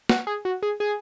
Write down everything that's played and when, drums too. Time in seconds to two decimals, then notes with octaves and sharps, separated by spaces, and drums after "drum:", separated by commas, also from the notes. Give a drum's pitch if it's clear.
0.09 F#4, drum: snare
0.27 G#4
0.45 F#4
0.62 G#4
0.80 G#4